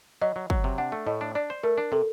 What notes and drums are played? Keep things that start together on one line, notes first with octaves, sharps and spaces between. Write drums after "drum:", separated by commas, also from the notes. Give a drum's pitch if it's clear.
F#3 D#5
F#3
F#3, drum: kick
C3
D4 F#5
A3
A2 D#5
D4
D4 D5
C5
A3 A#4
D4
C3 A4